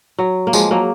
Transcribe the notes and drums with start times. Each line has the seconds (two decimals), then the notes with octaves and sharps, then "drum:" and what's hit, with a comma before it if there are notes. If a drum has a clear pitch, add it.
0.18 F#3
0.47 A#3
0.53 F3 G#3, drum: tambourine
0.71 F#3 A#3